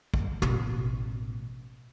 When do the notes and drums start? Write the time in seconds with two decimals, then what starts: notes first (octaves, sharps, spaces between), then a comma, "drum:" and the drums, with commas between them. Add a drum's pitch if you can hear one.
0.14 drum: kick
0.42 A1 B2, drum: tom